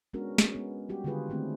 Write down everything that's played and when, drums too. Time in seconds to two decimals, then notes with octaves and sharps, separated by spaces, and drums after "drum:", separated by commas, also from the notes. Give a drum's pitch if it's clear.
0.13 G#3 B3 C#4 D4 F#4 A#4
0.38 G#3 C#4, drum: snare
0.55 B3
0.89 G3 F#4 G4
1.04 D3 D#3 G#3 F4 G#4 B4
1.30 D#3 A3 C4